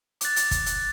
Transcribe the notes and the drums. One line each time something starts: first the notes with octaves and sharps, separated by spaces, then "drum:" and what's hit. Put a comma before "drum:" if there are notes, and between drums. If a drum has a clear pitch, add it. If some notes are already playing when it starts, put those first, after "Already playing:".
D6 F#6 A6, drum: hi-hat
drum: hi-hat
drum: kick, hi-hat
drum: hi-hat